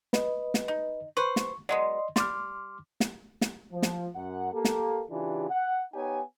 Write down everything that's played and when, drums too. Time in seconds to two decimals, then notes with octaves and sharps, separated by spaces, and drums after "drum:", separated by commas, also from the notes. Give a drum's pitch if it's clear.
0.13 B4 D#5, drum: snare
0.54 drum: snare
0.68 D#4
1.17 B4 C5 C#6
1.36 drum: snare
1.69 F#3 G#3 B3 D5 D#5 C6
2.16 G3 C6 D6 F6, drum: snare
3.00 drum: snare
3.41 drum: snare
3.72 F3
3.82 drum: snare
4.15 F#2 F#5
4.53 A#3 G4 A4
4.65 drum: snare
5.10 C#3 E3 D4 F4 G4
5.50 F#5
5.94 B3 D#4 G4 C#5 G#5